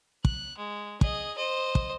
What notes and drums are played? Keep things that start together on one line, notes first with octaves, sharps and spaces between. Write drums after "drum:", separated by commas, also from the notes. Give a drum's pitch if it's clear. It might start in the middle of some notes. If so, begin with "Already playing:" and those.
F#6, drum: kick
G#3
G#4 D#5, drum: kick
C5 D#5
drum: kick